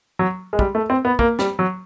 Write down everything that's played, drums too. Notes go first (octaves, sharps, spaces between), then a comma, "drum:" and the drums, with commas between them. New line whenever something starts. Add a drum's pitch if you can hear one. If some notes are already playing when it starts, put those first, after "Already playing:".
F#3
G#3
G3, drum: kick
A3
C4
B3
A#3, drum: kick
G3, drum: snare
F#3